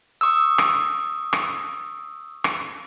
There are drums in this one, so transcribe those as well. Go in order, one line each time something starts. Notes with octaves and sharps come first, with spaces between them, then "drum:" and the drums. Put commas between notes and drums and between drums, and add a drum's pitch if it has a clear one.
C#6 D#6 E6
drum: rim click
drum: rim click
drum: rim click